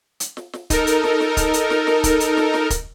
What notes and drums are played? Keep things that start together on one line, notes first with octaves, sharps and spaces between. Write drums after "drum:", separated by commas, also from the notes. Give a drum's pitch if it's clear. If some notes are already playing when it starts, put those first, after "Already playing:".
drum: hi-hat
drum: snare
drum: snare
D#4 A4 A#4, drum: kick, hi-hat
drum: hi-hat
drum: snare
drum: snare
drum: kick, hi-hat
drum: hi-hat
drum: snare
drum: snare
drum: kick, hi-hat
drum: hi-hat
drum: snare
drum: snare
drum: kick, hi-hat